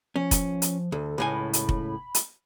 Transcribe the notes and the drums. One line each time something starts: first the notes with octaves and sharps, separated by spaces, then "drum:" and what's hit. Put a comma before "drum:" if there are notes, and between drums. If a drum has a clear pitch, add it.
F3 C#4
drum: kick F1, hi-hat
drum: hi-hat
D2 A4
C#2 A2 G#5 B5
drum: hi-hat
drum: kick F1
drum: hi-hat